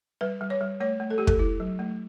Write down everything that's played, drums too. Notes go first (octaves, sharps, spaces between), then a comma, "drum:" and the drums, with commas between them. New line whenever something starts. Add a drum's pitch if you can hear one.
G3 B4
G3
C#5
G3
A3 C#5
A3
A4
A3 G4
A4, drum: kick
E4
F#3
A3